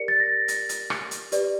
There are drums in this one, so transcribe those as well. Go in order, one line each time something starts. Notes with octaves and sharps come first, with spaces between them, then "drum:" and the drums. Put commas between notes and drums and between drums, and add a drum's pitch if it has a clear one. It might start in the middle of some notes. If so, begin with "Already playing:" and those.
Already playing: G4 A#4 D5 C#7
A6
A#6
drum: hi-hat
drum: hi-hat
drum: rim click
drum: hi-hat
G4 B4 D5, drum: hi-hat